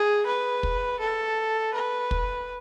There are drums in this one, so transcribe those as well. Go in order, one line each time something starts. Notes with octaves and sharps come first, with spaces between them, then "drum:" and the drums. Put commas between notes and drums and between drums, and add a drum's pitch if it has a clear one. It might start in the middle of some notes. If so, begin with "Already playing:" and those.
Already playing: G#4
B4
drum: kick
A4
B4
drum: kick